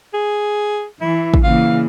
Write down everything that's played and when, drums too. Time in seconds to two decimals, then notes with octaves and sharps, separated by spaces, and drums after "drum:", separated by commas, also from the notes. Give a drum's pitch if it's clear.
0.14 G#4
1.01 E3 E4
1.34 drum: kick
1.44 A#2 C#3 E3 F5